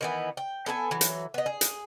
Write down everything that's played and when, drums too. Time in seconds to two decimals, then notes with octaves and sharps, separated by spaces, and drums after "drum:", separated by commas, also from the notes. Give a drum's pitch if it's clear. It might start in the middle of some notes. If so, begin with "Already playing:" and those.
0.01 D#3 E3 B3
0.37 G5
0.66 B3 A4 G5 G#5
0.91 E3 F#3
1.01 drum: hi-hat
1.34 B3 D#5
1.46 G#4
1.61 drum: hi-hat